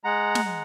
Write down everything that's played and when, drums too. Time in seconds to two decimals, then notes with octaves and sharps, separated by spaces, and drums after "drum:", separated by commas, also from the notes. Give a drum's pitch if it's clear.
0.04 G#3 F#5 A#5
0.35 drum: snare
0.45 G#3